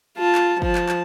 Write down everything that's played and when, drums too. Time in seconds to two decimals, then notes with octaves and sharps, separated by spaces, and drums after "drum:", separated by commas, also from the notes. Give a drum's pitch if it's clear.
0.17 F4 A5
0.35 drum: clap
0.62 F3 A5, drum: kick
0.75 drum: clap
0.89 drum: clap